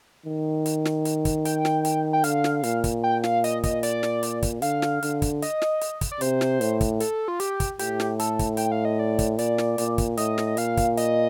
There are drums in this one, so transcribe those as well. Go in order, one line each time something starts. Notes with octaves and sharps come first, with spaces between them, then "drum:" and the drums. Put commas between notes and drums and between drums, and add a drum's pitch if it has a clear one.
D#3
drum: hi-hat
drum: snare
drum: hi-hat
drum: kick, hi-hat
G5, drum: hi-hat
drum: snare
drum: hi-hat
G5
D3 F5, drum: hi-hat
drum: snare
A#2, drum: hi-hat
drum: kick, hi-hat
G5
F5, drum: snare
D#5, drum: hi-hat
D#5, drum: kick, hi-hat
D5, drum: hi-hat
drum: snare
drum: hi-hat
drum: kick, hi-hat
D3 F5, drum: hi-hat
drum: snare
D3, drum: hi-hat
drum: kick, hi-hat
D#5, drum: hi-hat
drum: snare
drum: hi-hat
drum: kick, hi-hat
D5
C3 C5, drum: hi-hat
drum: snare
A2, drum: hi-hat
drum: kick, hi-hat
A4, drum: hi-hat
F4
G4, drum: hi-hat
drum: kick, hi-hat
A2 G4, drum: hi-hat
drum: snare
A4, drum: hi-hat
drum: kick, hi-hat
G5, drum: hi-hat
F5
D#5
D5
drum: kick, hi-hat
A#2 D5, drum: hi-hat
drum: snare
A#2, drum: hi-hat
drum: kick, hi-hat
A2 D#5, drum: hi-hat
drum: snare
D#5
A#2 F5, drum: hi-hat
drum: kick, hi-hat
D#5, drum: hi-hat